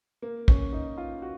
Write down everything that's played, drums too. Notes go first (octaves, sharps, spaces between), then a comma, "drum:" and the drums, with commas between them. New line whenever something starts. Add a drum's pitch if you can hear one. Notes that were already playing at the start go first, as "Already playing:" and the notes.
A#3
C#4, drum: kick
D#4
F4
F#4